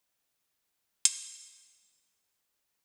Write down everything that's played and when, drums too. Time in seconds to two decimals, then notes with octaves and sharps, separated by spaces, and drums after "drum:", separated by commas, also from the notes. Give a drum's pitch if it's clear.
0.62 F#5 F#6
0.78 G3 A3 A#3 G4 A#4
1.05 B4 D5 D#5 A5 D6, drum: hi-hat
1.83 G3 B3 E4
2.27 G#4 B4 C#5 D5 G5